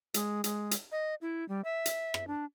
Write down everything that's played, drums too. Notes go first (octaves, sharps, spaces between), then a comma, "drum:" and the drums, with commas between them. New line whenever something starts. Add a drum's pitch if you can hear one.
G#3, drum: hi-hat
G#3, drum: hi-hat
drum: hi-hat
D#5
E4
G3
E5
drum: hi-hat
drum: rim click
D4